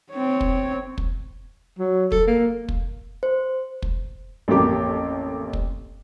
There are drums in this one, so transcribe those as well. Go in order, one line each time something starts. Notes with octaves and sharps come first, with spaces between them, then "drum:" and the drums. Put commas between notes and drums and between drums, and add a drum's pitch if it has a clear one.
C4 C#5
drum: kick
drum: kick
F#3
A4, drum: kick
A#3
drum: kick
C5
drum: kick
A1 F2 A3 A#3 G4 D6
drum: kick